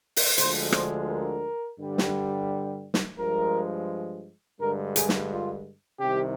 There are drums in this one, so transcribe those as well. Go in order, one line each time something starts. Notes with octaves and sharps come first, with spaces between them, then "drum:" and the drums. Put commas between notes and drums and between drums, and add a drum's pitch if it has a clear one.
drum: open hi-hat
D2 D3 F3 G#3 C5, drum: hi-hat
C5, drum: rim click
A#4
G2 D3 G3
drum: snare
drum: snare
G2 F3 G#3 A#4
G2 D3 G#3 A#4
G#4, drum: hi-hat
drum: snare
F4
C2 C3 D#3 G4